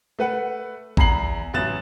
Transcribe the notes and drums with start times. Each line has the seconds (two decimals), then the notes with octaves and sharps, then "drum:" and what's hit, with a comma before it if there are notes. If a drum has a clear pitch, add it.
0.19 A3 B4 F#5
0.97 E2 A#5 B5 C7 F#7, drum: kick A1
1.53 A1 F#3 B3 F#6 A6 E7